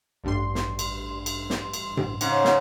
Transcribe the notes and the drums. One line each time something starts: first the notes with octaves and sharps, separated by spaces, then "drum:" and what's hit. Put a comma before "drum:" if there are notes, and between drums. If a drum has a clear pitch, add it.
A1 G2 C6
drum: snare
drum: cymbal
drum: cymbal
drum: snare
drum: cymbal
drum: tom A2
G#2 C#3 F#5, drum: cymbal
drum: snare